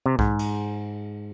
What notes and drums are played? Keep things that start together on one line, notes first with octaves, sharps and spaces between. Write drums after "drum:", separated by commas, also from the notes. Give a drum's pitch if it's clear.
C3
G#2, drum: kick B1
drum: cymbal